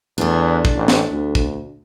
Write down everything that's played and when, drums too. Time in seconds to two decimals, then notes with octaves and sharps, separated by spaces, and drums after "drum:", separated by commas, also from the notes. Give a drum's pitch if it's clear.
0.18 E2 A3 D4
0.65 drum: kick
0.76 A1
0.88 drum: snare
1.12 D2
1.35 drum: kick